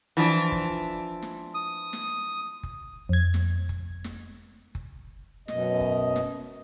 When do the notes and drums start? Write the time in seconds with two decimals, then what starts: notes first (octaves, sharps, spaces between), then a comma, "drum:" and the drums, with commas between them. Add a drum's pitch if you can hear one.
0.17 E3 F3 D4
0.52 drum: kick F#1
1.22 drum: snare
1.55 D#6
1.93 drum: snare
2.63 drum: kick F#1
3.09 F2 G#6
3.34 drum: snare
3.69 drum: kick F#1
4.04 drum: snare
4.75 drum: kick F#1
5.48 F#2 B2 D#5, drum: snare
5.81 drum: kick F#1
6.16 drum: snare